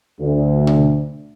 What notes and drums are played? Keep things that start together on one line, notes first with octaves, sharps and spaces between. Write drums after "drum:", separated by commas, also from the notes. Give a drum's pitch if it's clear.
D2
drum: tom B2